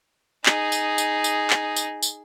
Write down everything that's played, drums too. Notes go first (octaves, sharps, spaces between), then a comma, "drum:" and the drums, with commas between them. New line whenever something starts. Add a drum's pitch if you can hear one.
D#4 G#4, drum: clap
drum: tambourine
drum: tambourine
drum: tambourine
drum: clap
drum: tambourine
drum: tambourine